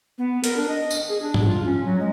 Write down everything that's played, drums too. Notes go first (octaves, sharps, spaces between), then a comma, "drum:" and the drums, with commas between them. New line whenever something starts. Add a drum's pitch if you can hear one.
B3
A#4, drum: hi-hat
D4
D#5
drum: tambourine
G#4
D4
drum: tom G2
F4
C#4
F#3
G#3